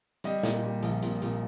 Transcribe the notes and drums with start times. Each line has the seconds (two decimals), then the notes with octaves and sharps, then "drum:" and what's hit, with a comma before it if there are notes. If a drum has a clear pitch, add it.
0.24 G3 D#5, drum: hi-hat
0.43 A#2, drum: snare
0.63 G3
0.83 A#1, drum: hi-hat
1.02 A#2, drum: hi-hat
1.22 A#2, drum: hi-hat